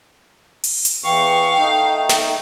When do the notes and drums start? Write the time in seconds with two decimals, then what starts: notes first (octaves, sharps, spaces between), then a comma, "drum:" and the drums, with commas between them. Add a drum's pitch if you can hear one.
0.64 drum: open hi-hat
0.85 drum: hi-hat
1.04 E2 E3 F5 G5 C#6
1.58 A3 D#4
2.09 drum: snare